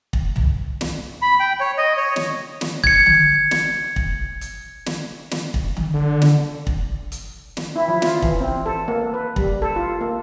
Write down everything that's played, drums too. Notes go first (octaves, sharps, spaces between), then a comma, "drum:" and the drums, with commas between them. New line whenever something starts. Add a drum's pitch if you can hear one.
drum: kick
drum: tom
drum: snare
B5
G5
C#5
D#5
C#5
drum: snare
drum: snare
G#6 C#7, drum: kick
drum: tom D3
drum: snare
drum: kick
drum: hi-hat
drum: snare
drum: snare
drum: kick
drum: tom D3
D3
drum: snare
drum: kick
drum: hi-hat
drum: snare
E4
F3
F4, drum: snare
E3, drum: kick
C4
A4
A#3
B4
G3, drum: kick
A4
F4
A#3